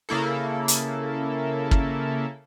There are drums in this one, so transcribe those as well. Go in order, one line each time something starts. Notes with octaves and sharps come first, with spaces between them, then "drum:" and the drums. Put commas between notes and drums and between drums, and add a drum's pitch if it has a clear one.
C#3 A#3 E4 A4
drum: hi-hat
drum: kick